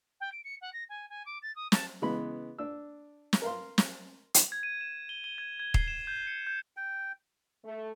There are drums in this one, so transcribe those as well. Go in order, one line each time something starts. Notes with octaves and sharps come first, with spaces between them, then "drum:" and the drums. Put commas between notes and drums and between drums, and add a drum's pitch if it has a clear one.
G5
D7
C#7
F#5
A#6
G#5
G#5
D6
A6
D#6
A5, drum: snare
C#3 E3 G#3 B3 B5
D4 E6
drum: snare
A#4 F5 C6
drum: snare
drum: hi-hat
G#6
D#7
E7
G7
G7
G#6
G#6
C7, drum: kick
E7
G6
C#7
G6
G5
A3